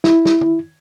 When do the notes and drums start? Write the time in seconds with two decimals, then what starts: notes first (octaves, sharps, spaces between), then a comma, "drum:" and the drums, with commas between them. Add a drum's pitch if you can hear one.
0.04 E4, drum: snare
0.25 drum: snare
0.41 drum: tom